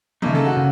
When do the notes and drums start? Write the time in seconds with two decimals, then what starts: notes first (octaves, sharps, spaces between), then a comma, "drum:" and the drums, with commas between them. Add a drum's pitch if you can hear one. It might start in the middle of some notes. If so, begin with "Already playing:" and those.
0.22 C#3 A3 A#3 D#4, drum: tom D#3
0.35 A4
0.46 F#4
0.57 C#3